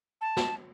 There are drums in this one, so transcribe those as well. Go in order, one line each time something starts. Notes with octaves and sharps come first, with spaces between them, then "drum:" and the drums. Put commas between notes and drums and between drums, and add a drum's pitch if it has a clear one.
A5
drum: snare